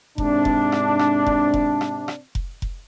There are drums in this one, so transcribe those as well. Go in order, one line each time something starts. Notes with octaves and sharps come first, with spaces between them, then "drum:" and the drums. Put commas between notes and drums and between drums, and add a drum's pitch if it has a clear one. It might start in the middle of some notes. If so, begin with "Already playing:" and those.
G#2 C3 C4 D4, drum: kick F1
drum: kick F1
drum: rim click
drum: rim click
drum: kick F1
drum: kick F1
drum: rim click
drum: rim click
drum: kick F1
drum: kick F1